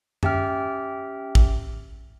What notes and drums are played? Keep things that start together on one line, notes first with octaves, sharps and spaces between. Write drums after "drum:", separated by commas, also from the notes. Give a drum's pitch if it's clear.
C#4 G4 E5 G5 F6, drum: tom F#2
drum: kick